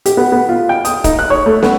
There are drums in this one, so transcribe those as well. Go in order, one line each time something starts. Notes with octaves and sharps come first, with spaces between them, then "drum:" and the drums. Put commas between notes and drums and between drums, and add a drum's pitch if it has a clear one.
G4, drum: hi-hat
B3
B3
F4
G5
D#6, drum: hi-hat
D#4, drum: kick, hi-hat
F#6
C#5
A3
B3, drum: snare